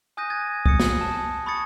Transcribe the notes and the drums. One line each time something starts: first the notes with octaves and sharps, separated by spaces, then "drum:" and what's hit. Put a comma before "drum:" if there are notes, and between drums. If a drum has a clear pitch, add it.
G#5 D#6 F#6 G6 A#6 D#7
G#6 A6
D#6 C#7, drum: kick
drum: snare
A5
B5 C#6 D#6 G#6 A6 C#7